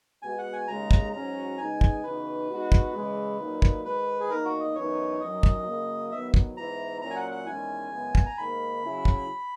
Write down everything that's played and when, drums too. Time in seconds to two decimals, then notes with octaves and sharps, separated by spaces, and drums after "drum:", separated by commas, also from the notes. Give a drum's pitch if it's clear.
0.22 B2 G#3 B3 F#4 G#5
0.38 F#5
0.53 G#5
0.68 D#2 C#3 G#3 A#5
0.91 drum: kick
1.13 G#2 F#3 C#4 F#4 A#5
1.58 C#3 G#3 B3 D#4 G#5
1.81 drum: kick
2.03 C#3 E3 B3 D#4 F#4 B4
2.49 B2 G#3 D#4 F#4
2.72 drum: kick
2.94 C#3 E3 G#3
3.40 A#2 F#3 A#3 D#4
3.62 drum: kick
3.84 G#2 D#3 G#3 B4
4.20 G#4
4.30 E2 D#3 A#3 D#4 A#4
4.45 F#4
4.60 D#5
4.75 F#2 E3 B3 D#4 C#5
5.20 F#2 D#3 F#3 D#5
5.43 drum: kick
5.66 C#3 F#3 A#3
6.11 D#3 F#3 B3 E5
6.34 drum: kick
6.56 G#2 E3 B3 E4 A#5
7.02 A#2 F#3 C#4 E4 A#5
7.10 G#5
7.16 F#5
7.31 F#5
7.46 E2 D#3 G#3 C#4 E4 G#5
7.92 F#2 C#3 G#3 B3 E4
8.15 drum: kick
8.26 A#5
8.37 G#2 D#3 A#3 B5
8.83 C#3 F#3 C#4 E4
9.05 drum: kick